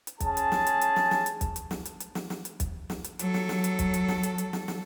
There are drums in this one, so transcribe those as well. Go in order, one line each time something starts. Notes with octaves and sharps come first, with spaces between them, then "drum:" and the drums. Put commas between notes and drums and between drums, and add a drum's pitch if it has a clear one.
drum: hi-hat
C#4 G#4 A5, drum: kick, hi-hat
drum: hi-hat
drum: snare
drum: hi-hat
drum: hi-hat
drum: snare
drum: snare
drum: hi-hat
drum: kick, hi-hat
drum: hi-hat
drum: snare
drum: hi-hat
drum: hi-hat
drum: snare
drum: snare
drum: hi-hat
drum: kick, hi-hat
drum: snare
drum: hi-hat
F#3 A4, drum: hi-hat
drum: snare
drum: snare
drum: hi-hat
drum: kick, hi-hat
drum: hi-hat
drum: snare
drum: hi-hat
drum: hi-hat
drum: snare
drum: snare